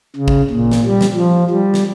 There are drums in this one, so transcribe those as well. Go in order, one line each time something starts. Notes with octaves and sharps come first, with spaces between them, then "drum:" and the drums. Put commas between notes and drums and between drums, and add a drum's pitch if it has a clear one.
C#3
drum: kick G#1
A#2
drum: snare
G3
drum: snare
F3
G3
drum: snare